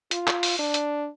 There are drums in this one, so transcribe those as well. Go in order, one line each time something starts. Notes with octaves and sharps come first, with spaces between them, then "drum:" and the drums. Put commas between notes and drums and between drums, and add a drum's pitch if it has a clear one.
F4, drum: hi-hat
drum: clap
drum: open hi-hat
D4
drum: hi-hat